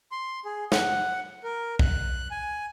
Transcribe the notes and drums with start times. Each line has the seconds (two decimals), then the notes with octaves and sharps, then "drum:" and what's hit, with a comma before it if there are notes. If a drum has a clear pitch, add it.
0.12 C6
0.45 G#4
0.72 F#5, drum: snare
1.44 A#4
1.79 F#6, drum: kick B1
2.31 G#5